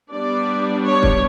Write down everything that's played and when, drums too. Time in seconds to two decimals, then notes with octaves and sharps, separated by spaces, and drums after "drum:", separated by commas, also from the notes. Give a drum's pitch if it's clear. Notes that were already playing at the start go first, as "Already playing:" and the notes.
0.10 G3 B3 D4 D5
0.84 C#5
1.03 drum: kick